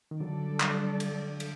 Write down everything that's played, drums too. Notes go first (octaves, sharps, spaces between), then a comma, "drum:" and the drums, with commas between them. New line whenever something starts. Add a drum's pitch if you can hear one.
D#3
D3 F#3 G3 D4 A4 D5
drum: clap
drum: cymbal
drum: cymbal